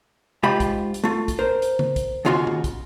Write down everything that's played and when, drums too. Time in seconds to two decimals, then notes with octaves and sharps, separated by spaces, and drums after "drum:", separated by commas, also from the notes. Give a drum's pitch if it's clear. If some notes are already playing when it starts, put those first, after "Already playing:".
0.43 G#2 F4 G4 F5 G5 B5, drum: tom C3
0.60 drum: kick, hi-hat
0.94 drum: hi-hat
1.03 A3 F4
1.28 drum: kick, hi-hat
1.39 A#4 C5
1.62 drum: hi-hat
1.79 drum: tom C#3
1.96 drum: kick, hi-hat
2.25 D#2 C#3 F4 F#4 C6
2.47 drum: tom C#3
2.64 drum: kick, hi-hat